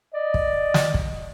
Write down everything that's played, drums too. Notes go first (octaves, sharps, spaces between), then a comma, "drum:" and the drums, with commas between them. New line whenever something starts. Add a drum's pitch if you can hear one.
D5 D#5
drum: kick
drum: snare
drum: kick